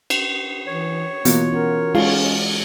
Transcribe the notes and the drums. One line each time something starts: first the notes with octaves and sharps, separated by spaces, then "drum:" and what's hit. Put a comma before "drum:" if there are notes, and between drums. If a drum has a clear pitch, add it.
drum: cymbal
E3 C#5
B2 E3 A#3 F4, drum: hi-hat
C#4 F#4 A#4
G#3 C#4 F4 F#4, drum: cymbal